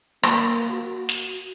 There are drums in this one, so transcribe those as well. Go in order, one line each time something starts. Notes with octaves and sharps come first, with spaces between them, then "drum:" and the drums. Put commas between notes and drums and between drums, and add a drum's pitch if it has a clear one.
A#3, drum: rim click
F#4
drum: snare